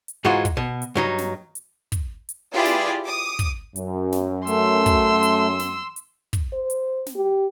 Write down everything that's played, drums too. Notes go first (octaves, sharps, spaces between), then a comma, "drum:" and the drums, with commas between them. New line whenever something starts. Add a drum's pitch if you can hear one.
drum: hi-hat
G#2 E3 G#3 D#4 F4 F#4
drum: kick, hi-hat
B2
drum: hi-hat
G2 F#3 D#4
drum: snare
drum: hi-hat
drum: kick, hi-hat
drum: hi-hat
E4 F4 G4 G#4 B4 D5
drum: snare
D6 D#6
drum: kick, hi-hat
F#2, drum: hi-hat
drum: snare
A3 C6 E6, drum: hi-hat
drum: kick, hi-hat
drum: hi-hat
drum: snare
drum: hi-hat
drum: kick, hi-hat
C5
drum: hi-hat
drum: snare
G4